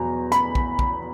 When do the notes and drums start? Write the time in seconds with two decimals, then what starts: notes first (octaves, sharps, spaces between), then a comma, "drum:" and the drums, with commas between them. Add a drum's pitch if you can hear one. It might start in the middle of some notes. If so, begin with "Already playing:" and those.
Already playing: E2 B2 F#3 A#5
0.32 B5, drum: hi-hat
0.55 drum: kick
0.79 drum: kick